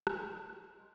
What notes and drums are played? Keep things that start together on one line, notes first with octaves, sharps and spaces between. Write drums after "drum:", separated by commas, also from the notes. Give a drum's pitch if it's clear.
A4 A#4 C#5 F5 C#6 E6, drum: rim click
E4 B4 C#5
F5 G5 A#5
F#5
G4 G#4 B4 D#5 G#5 C6